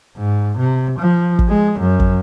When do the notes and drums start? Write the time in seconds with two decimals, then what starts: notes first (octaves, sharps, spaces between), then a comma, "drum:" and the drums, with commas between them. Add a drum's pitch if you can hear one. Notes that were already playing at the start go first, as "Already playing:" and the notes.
0.17 G#2
0.58 C3
0.99 F3
1.39 drum: kick
1.48 G#3
1.80 F#2
2.00 drum: kick